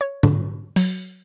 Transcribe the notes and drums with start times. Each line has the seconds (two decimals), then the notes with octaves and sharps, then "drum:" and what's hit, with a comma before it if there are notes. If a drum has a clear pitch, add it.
0.01 C#5
0.23 D3, drum: tom G#2
0.76 F#3, drum: open hi-hat